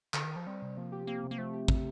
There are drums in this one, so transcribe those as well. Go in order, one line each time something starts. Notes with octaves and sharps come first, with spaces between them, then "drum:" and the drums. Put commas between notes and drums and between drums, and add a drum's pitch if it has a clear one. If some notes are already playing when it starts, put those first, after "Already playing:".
D3, drum: clap
D#3
F3
G3 C4
C3
F3 A#3
G4
A#3 C4
C3
A#3
F3 A3
G4
C4, drum: kick